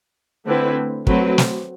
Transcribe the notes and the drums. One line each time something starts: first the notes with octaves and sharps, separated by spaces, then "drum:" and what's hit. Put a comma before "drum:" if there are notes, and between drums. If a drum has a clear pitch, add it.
D3 A3 C4 E4 B4
F#3 A3 C4 F#4 B4, drum: kick
drum: snare